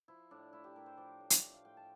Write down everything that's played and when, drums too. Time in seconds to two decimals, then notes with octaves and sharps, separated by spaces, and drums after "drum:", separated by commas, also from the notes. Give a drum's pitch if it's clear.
0.08 F3 E4
0.31 A2 D4
0.53 A3 E4
0.64 G4
0.76 A2 A#4
0.86 C5
0.97 F3 D5
1.20 A2
1.30 drum: hi-hat
1.42 A3
1.54 F5
1.65 A2 G5
1.77 A5